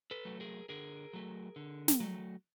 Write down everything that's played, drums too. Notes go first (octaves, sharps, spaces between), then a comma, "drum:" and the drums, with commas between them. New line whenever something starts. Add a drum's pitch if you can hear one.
A4 B4
F#3 A3
G#4 A#4
D3 G#4 A#4
F#3 A3
D3
drum: snare
F#3 A3